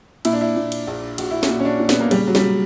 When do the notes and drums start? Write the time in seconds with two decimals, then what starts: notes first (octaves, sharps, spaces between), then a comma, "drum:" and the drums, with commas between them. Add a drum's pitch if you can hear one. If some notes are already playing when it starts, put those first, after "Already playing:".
0.25 A#2 E4, drum: cymbal
0.33 D4
0.41 E4
0.56 A#2
0.72 drum: cymbal
0.87 A#1
1.18 A#1 F#4, drum: cymbal
1.31 E4
1.43 F#4, drum: snare
1.49 A#2
1.60 C#4
1.65 D4
1.80 A#2
1.89 B3, drum: snare
2.00 A#3
2.11 C#3 G3, drum: cymbal
2.27 F#3
2.35 G3, drum: snare